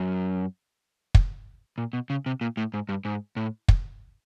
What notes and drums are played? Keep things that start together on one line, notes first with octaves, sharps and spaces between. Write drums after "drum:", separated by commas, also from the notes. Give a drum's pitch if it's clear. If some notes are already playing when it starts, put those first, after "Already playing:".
Already playing: F#2
drum: kick
A#2
B2
C#3
C3
A#2
A2
G#2
G2
G#2
A2
drum: kick